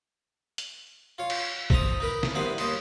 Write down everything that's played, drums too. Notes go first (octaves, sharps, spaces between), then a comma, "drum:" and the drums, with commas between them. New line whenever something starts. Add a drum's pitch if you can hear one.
drum: hi-hat
F4 C#5
drum: cymbal
C4 A5 A#5 D#6, drum: kick
D#4 A#4 B4
drum: snare
G2 D#3 E3 B3 C5 G#5
D#2 D#5 A5 C6, drum: cymbal